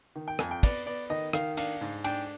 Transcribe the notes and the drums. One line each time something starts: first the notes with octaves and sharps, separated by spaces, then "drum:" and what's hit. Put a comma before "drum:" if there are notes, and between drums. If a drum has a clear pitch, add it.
D#3
G5
F2 G#5, drum: rim click
G5
B3 D5, drum: kick, cymbal
B3 D5
D#3 D#5
D#3 F5, drum: rim click
D4 F5, drum: cymbal
G#2
D4 G5, drum: cymbal